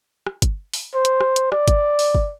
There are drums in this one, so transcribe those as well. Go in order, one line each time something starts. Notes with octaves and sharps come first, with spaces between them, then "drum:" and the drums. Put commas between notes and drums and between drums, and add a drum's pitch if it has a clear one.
drum: rim click
drum: kick, hi-hat
drum: open hi-hat
C5
drum: hi-hat
drum: rim click
drum: hi-hat
D5, drum: rim click
drum: kick, hi-hat
drum: open hi-hat
drum: kick